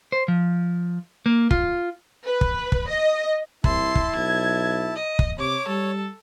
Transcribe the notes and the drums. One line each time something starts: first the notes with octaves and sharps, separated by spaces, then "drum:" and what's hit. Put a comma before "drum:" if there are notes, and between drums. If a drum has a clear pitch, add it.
C5
F3
A#3
F4, drum: kick
B4
drum: kick
drum: kick
D#5
C2 E4 A5 C6, drum: kick
drum: kick
B1 G#6
D#5
drum: kick
C3 C#5 D6
G3 A4